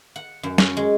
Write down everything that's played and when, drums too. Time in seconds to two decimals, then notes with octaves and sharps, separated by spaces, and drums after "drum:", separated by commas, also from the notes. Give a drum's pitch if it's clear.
0.16 F#5
0.43 F#2
0.58 C#4, drum: snare
0.77 G#3